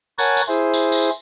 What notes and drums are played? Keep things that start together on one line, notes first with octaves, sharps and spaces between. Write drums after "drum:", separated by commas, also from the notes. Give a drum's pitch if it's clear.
A#4 C#5 F#5 G#5 A5, drum: tambourine
drum: tambourine
E4 G#4 C5
drum: tambourine
drum: tambourine